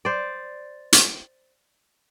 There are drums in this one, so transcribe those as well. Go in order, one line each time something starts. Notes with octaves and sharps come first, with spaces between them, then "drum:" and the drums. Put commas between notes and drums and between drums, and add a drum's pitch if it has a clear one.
C5 D5
drum: hi-hat